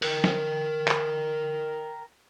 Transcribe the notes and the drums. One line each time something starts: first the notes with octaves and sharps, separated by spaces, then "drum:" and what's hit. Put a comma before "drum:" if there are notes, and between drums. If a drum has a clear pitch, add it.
A#4 G5, drum: open hi-hat
drum: snare
drum: clap